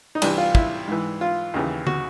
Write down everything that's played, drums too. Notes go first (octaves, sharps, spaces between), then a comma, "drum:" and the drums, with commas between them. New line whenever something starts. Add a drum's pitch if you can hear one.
D#4
C2 C3 E3 D4, drum: cymbal
F4
E4, drum: kick
G#2 E3
F4
D#2 C#3 E3
F#4, drum: tom D3